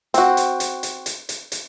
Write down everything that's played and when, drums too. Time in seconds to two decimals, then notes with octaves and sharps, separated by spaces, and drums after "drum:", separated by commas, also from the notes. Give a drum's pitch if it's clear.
0.14 C4 F#4, drum: hi-hat
0.37 drum: hi-hat
0.60 drum: hi-hat
0.83 drum: hi-hat
1.06 drum: hi-hat
1.29 drum: hi-hat
1.52 drum: hi-hat